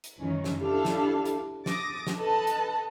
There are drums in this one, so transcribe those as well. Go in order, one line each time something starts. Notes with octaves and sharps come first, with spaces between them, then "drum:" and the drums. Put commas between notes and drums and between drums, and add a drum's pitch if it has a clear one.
drum: hi-hat
C#2 F#2 D#3 E3 C#4
drum: snare
D4 E4 G4 A4 F5
drum: snare
drum: hi-hat
D6 D#6 A6 A#6, drum: snare
drum: snare
A4 B4 D#5 A5
drum: hi-hat